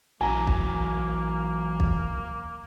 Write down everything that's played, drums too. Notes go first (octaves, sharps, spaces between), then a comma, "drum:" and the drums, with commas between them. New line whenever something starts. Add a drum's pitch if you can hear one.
A#1 E3 F#3 A#3 G#5 A#5
drum: kick
drum: kick